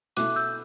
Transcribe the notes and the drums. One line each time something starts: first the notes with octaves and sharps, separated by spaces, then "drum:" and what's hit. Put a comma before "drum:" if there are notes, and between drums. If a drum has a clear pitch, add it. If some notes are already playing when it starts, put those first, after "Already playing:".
B2 A3 E4 D6 F#6, drum: hi-hat
E6 G6